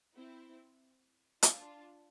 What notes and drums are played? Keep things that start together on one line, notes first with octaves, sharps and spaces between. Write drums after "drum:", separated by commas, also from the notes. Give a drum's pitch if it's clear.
C4 E4
D4 F4, drum: hi-hat